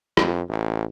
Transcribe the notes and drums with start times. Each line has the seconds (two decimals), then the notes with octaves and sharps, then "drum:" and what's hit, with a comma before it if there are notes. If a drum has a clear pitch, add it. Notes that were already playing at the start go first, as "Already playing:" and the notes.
0.17 F2, drum: rim click
0.49 A1